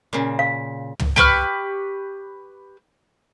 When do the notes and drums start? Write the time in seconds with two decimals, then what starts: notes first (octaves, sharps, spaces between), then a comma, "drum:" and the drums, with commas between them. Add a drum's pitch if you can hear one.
0.13 A#2 C#3
0.39 F5
0.99 drum: tom
1.16 G4 B4 C#6 F6, drum: tom